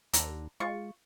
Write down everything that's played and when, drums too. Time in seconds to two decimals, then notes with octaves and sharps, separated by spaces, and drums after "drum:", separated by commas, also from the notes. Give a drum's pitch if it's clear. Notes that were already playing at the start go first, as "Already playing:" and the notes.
0.13 D#2 D3 A#5, drum: hi-hat
0.60 G#3 F4 C#6